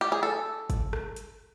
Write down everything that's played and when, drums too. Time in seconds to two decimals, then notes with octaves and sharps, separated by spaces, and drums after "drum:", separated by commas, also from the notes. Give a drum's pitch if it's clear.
0.01 G4
0.12 G#4
0.23 A4
0.70 drum: kick, hi-hat
0.93 drum: rim click
1.16 drum: hi-hat